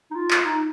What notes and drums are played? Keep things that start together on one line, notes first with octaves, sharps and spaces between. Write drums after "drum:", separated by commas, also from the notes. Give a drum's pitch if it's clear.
D#4
F4
drum: clap
D#4